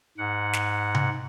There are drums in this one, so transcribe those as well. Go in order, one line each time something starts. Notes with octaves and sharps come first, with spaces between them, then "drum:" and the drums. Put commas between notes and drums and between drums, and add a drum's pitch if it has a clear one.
G#2 F#5
drum: snare
drum: tom C3